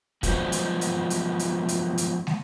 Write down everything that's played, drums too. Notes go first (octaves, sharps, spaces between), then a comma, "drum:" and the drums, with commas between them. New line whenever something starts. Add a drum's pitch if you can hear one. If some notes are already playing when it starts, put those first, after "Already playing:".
F3 F#3 G#3 B3 C4 F#4, drum: kick, hi-hat
drum: hi-hat
drum: hi-hat
drum: hi-hat
drum: hi-hat
drum: hi-hat
drum: hi-hat
drum: snare